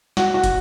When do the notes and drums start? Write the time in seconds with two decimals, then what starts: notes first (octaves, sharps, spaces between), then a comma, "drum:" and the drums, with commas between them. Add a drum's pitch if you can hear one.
0.17 F#4, drum: snare
0.34 F#4
0.44 drum: kick, hi-hat